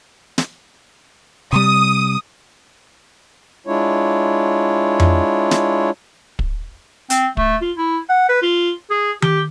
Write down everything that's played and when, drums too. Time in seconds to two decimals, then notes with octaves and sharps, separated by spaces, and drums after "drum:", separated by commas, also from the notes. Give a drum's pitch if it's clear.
0.38 drum: snare
1.53 C3 G3 D#6
3.67 G#3 D4 E4 F4 C#5
5.00 drum: tom F2
5.51 drum: snare
6.39 drum: kick
7.10 C4, drum: hi-hat
7.37 A3, drum: kick
7.61 F4
7.77 E4
8.09 F#5
8.29 B4
8.42 F4
8.90 G#4
9.22 G4, drum: tom D#3